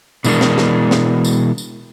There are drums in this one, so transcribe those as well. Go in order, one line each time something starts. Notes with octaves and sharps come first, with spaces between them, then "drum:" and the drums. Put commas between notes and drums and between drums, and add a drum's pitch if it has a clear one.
B2 E3 G#3 D4 A#4, drum: tambourine
drum: snare
drum: snare
drum: snare
drum: tambourine
drum: tambourine